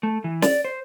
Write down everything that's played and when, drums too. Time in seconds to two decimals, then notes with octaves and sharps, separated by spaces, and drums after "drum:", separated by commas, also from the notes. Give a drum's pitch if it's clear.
0.03 A3
0.24 E3
0.42 D5, drum: snare
0.65 C5